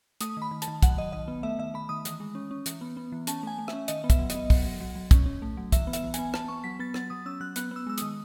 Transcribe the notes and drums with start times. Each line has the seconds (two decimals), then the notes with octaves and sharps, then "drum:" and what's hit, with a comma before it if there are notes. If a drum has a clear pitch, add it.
0.21 A3 D#6, drum: hi-hat
0.37 D#3 B5
0.51 D#3
0.62 A5, drum: hi-hat
0.68 D#3
0.82 F#3 F#5, drum: kick, hi-hat
0.97 F#3 D#5
1.12 D#3 D#5
1.28 B3
1.43 A3 E5
1.59 D#3 E5
1.74 A3 B5
1.89 D#3 D#6
2.05 E3, drum: hi-hat
2.20 G#3
2.35 C#4
2.51 C#4
2.66 E3, drum: hi-hat
2.81 B3
2.97 B3
3.12 E3
3.27 C#4 A5, drum: hi-hat
3.43 A3 G#5
3.59 A3
3.68 C#4 E5, drum: rim click
3.88 D#3 D#5, drum: hi-hat
4.04 B3
4.10 E5, drum: kick, hi-hat
4.19 F#3
4.30 D#5, drum: hi-hat
4.35 B3
4.50 F#3, drum: kick, open hi-hat
4.65 F#3
4.81 F#3
4.96 F#3
5.11 C#4, drum: kick, hi-hat
5.26 C#4
5.42 A3
5.57 F#3
5.72 E3 E5, drum: kick, hi-hat
5.87 B3
5.93 E5, drum: hi-hat
6.04 E3
6.14 B3 G#5, drum: hi-hat
6.34 B3 A5, drum: rim click
6.48 B3 C#6
6.64 F#3 B6
6.79 B3 A6
6.94 F#3 A6, drum: rim click
7.10 F#3 D#6
7.26 C#4 E6
7.41 F#3 F#6
7.56 B3 F#6, drum: hi-hat
7.71 B3 E6
7.87 G#3 E6
7.98 D#3 D#6, drum: hi-hat